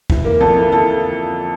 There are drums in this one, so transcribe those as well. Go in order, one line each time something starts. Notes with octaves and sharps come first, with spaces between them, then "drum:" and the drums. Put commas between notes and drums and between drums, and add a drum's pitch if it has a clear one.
E3, drum: kick C2
A#3
F2 A4
E3
E3 A4